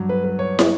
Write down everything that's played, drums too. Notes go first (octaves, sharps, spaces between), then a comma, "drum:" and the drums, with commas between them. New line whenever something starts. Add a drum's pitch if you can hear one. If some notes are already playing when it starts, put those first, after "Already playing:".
Already playing: G2 F#3
B4
B4
C#5
drum: snare